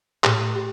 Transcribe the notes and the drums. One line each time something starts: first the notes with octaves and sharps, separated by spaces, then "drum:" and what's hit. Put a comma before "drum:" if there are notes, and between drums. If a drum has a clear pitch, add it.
A2 G4, drum: clap
G4